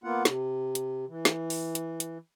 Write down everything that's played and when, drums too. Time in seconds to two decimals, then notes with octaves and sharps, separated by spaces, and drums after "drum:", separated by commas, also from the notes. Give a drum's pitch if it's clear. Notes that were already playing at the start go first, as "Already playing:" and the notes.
0.04 A#3 B3 F4 F#5
0.25 C3, drum: snare
0.75 drum: hi-hat
1.08 E3
1.25 drum: snare
1.50 drum: open hi-hat
1.75 drum: hi-hat
2.00 drum: hi-hat